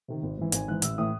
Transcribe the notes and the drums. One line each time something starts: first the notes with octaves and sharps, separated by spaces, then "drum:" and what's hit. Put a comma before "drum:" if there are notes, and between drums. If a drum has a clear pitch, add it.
C3 D#3
G#1
G#2 E3
G#1 G#5, drum: hi-hat
G#2 E3 F#6
A1 E6, drum: hi-hat
A2 E3 D#6